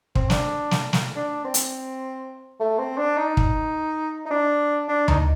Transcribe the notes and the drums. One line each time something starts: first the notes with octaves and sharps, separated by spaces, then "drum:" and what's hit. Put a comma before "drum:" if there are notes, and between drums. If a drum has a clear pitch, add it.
C4, drum: kick
D4, drum: snare
drum: snare
drum: snare
D4
C4
drum: hi-hat
A3
C4
D4
D#4
drum: kick
D#4
D4
D4
D#4, drum: tom D2